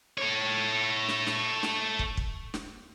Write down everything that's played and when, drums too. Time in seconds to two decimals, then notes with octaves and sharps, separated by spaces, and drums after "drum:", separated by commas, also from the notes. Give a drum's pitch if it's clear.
0.18 A4 C#5
1.08 drum: snare
1.27 drum: snare
1.63 drum: snare
1.99 drum: kick
2.17 drum: kick
2.54 drum: snare